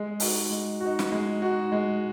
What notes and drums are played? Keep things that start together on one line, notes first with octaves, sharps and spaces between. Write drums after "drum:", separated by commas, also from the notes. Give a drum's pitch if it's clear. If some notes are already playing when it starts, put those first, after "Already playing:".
Already playing: G#3
D#4 F#4, drum: open hi-hat
G#3
D#4 F#4
drum: snare
G#3
D#4 F#4
G#3